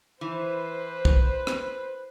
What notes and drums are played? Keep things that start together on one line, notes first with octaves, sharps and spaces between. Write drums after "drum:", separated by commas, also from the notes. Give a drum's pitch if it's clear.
E3 B4 C5
drum: kick
drum: rim click